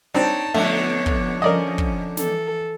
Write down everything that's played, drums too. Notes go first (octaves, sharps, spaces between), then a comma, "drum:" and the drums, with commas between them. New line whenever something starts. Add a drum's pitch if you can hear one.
C4 D4 D#4 C#5 A5
F2 D3 A3 B3 C#5
drum: kick
F3 C#4 A#4 D5 D#5
drum: kick
E3 A4, drum: snare